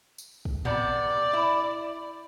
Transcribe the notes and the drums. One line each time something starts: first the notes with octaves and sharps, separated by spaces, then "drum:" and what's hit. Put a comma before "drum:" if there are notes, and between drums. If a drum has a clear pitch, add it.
drum: tambourine
drum: kick
C3 B3 D5, drum: tom A2
E4